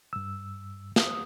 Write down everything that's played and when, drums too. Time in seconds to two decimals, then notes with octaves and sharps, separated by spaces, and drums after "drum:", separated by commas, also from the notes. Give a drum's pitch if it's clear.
0.13 G2 E6
0.96 D#6, drum: snare